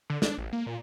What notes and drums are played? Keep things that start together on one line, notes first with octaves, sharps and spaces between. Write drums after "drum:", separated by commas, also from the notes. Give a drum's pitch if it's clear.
D3
D4, drum: snare
A1
A#3
A#2